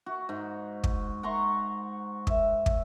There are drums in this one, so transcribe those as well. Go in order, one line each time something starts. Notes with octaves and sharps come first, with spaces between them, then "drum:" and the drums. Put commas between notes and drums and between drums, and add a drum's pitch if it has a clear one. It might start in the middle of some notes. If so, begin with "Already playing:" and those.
F#4
G#2
drum: kick
F#5 A#5 C6 C#6
E5, drum: kick
drum: kick